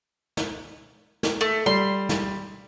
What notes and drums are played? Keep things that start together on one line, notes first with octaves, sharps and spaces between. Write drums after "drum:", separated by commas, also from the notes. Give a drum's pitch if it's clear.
drum: snare
drum: snare
A3
G3 C6
drum: snare